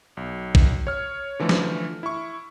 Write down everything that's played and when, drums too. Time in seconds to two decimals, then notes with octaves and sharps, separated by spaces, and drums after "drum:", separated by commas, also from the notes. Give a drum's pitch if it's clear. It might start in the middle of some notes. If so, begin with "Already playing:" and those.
0.17 B1
0.55 drum: kick
0.87 C#5 F6
1.40 D3 E3 F3 A3
1.49 drum: snare
2.03 E4 C#6